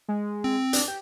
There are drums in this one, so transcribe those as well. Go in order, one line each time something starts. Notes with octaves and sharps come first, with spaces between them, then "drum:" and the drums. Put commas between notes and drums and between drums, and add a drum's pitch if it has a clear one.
G#3
C4
D4, drum: hi-hat
G4